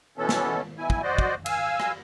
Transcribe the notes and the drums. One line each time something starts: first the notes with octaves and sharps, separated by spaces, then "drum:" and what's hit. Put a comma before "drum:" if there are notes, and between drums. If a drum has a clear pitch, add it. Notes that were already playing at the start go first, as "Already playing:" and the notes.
B2 E3 B3 C#4 A4
drum: snare
B2 E4 G#5
drum: kick
F#4 C5 D5 D#5
drum: kick
F5 G#5 E6, drum: cymbal
drum: rim click